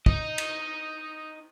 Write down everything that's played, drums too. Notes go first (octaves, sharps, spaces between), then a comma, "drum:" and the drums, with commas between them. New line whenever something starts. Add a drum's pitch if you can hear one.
D#4 D#5, drum: kick
drum: cymbal